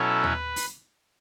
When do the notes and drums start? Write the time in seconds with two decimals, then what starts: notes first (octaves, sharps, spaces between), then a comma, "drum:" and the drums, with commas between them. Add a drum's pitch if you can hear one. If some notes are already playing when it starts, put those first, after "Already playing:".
Already playing: B2 F#3 C#4 E4 A4
0.24 B4, drum: tom D#2
0.56 drum: open hi-hat